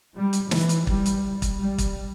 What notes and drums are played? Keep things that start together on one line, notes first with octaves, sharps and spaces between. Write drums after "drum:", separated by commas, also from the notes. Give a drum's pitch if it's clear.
G3
drum: hi-hat
E3, drum: snare
drum: hi-hat
G3, drum: kick
drum: hi-hat
drum: kick, hi-hat
G3
drum: kick, hi-hat